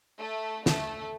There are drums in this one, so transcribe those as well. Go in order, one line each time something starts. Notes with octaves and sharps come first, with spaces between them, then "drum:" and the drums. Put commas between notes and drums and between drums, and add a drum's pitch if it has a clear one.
A3
A3, drum: snare